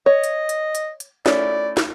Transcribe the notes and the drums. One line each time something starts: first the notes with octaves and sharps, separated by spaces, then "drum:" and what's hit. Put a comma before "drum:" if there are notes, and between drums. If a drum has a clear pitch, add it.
C#5 D#5
drum: hi-hat
drum: hi-hat
drum: hi-hat
drum: hi-hat
A3 C#4 E4 D5, drum: snare
drum: snare